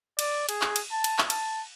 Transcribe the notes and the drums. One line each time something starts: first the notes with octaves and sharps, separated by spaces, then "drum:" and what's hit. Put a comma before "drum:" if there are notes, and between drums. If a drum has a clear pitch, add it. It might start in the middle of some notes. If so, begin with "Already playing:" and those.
D5, drum: cymbal
G#4, drum: cymbal
drum: clap
drum: cymbal
A5
drum: cymbal
drum: clap
A5, drum: cymbal